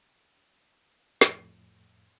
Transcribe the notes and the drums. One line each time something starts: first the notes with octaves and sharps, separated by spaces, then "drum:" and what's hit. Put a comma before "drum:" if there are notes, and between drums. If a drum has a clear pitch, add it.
F2 A2, drum: snare